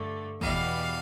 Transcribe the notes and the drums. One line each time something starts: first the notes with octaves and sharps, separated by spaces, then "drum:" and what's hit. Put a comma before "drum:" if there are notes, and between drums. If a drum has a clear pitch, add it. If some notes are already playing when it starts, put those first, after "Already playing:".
Already playing: G2 D3 A3
E2 B2 G3 F5, drum: kick